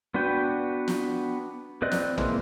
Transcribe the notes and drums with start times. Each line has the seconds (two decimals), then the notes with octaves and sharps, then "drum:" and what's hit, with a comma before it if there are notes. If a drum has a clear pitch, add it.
0.14 B3 D4 F#4 B4 G5
0.88 drum: snare
1.82 C4 B4 D5 D#5 F#6
1.92 drum: snare
2.18 E3 G#3 A#3 C4, drum: tom